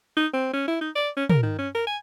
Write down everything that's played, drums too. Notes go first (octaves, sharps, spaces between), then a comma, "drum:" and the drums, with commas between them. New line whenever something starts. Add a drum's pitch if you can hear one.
D#4
C4
C#4
E4
D#4
D5
C#4
A#4, drum: tom
D#3
C#4
A#4
G#5